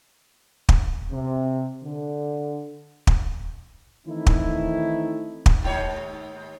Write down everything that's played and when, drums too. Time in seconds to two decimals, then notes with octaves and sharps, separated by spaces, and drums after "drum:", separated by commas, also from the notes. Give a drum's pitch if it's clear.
0.69 drum: kick
1.11 C3
1.83 D3
3.07 drum: kick
4.07 D#3 E3 A3 C4 D#4 E4
4.26 drum: kick
5.46 drum: kick
5.62 D#2 G#2 C#5